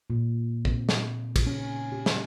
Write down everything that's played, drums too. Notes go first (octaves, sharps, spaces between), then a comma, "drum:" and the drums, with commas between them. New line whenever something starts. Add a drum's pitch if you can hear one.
A#2
C4, drum: kick
drum: snare
drum: kick, cymbal
C#4
G4
drum: snare